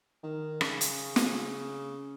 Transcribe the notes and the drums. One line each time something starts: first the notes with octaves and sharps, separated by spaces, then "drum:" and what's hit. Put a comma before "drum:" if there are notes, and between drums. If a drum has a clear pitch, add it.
D#3
C#3, drum: rim click
drum: hi-hat
drum: snare